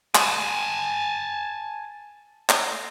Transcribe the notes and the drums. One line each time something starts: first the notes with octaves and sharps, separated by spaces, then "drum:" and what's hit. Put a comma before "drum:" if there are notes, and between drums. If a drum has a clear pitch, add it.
G#5 A5, drum: clap
drum: clap